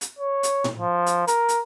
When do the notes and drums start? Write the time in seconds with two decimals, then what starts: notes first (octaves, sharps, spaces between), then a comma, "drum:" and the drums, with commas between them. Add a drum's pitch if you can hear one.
0.01 drum: hi-hat
0.19 C#5
0.43 drum: hi-hat
0.64 drum: tom A2
0.79 F3
1.06 drum: hi-hat
1.27 A#4, drum: hi-hat
1.49 drum: hi-hat